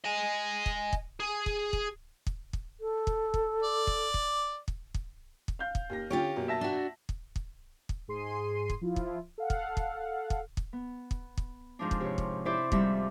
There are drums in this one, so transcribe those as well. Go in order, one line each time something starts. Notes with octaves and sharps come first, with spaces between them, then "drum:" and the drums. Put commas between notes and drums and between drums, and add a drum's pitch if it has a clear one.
D#5 G#5
drum: kick
drum: kick
G#4
drum: kick
drum: kick
drum: kick
drum: kick
A4
drum: kick
drum: kick
D5
drum: kick
drum: kick
drum: kick
drum: kick
drum: kick
F5 G6
drum: kick
D#2 G4 A#6
D3 C#4 F4 G4 C#5 D7
F#2 B2 A#3
E5 A5 A#6
D4 F#4
drum: kick
drum: kick
drum: kick
G#2 G#4 C6 C7 D#7
drum: kick
F3 E4 F4
drum: kick
A4 F5 F#5
drum: kick
drum: kick
drum: kick
drum: kick
B3
drum: kick
drum: kick
F2 G#2 F3 D4
drum: kick
C3 C#5
drum: kick
E4 G4 C5 D5 E5
F2 G#2 G3 E5, drum: kick